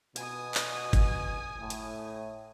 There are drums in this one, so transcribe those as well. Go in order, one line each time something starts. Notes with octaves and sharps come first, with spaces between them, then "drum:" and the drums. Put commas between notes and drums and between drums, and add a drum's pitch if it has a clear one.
B2 G#5 D#6, drum: hi-hat
drum: clap
drum: kick G1, hi-hat
A2
drum: hi-hat